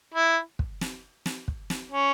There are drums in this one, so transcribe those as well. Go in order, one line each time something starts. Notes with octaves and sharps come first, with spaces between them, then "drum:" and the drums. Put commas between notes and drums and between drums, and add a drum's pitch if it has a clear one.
E4
drum: kick
drum: snare
drum: snare
drum: kick
drum: snare
C#4